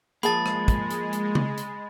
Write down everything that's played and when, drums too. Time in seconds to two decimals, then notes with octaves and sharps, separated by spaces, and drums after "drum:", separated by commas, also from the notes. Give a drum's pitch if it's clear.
0.23 F3 G#3 A#3 G#4 A5 B5 A6, drum: hi-hat
0.46 drum: rim click
0.68 drum: kick, hi-hat
0.90 drum: hi-hat
1.13 drum: hi-hat
1.35 drum: tom C#3
1.58 drum: hi-hat